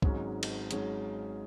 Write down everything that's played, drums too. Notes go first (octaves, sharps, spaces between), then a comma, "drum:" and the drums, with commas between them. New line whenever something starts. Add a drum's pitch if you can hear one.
G#1 G#2 F#3 C#4 G#4, drum: kick C2
drum: cymbal
G#2 F#3 C#4 G#4, drum: hi-hat